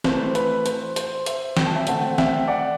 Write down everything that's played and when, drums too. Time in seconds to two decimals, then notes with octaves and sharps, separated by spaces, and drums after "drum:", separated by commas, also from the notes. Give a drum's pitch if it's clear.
0.04 E3 A3 C4 C5, drum: snare
0.35 B4, drum: hi-hat
0.66 C5, drum: hi-hat
0.96 C5, drum: hi-hat
1.26 C5 E5, drum: hi-hat
1.57 G5, drum: snare
1.66 A5
1.75 E5 G5
1.87 D3 A3 C4 F#5 A5, drum: hi-hat
2.18 E5 G5, drum: snare
2.48 D5 F#5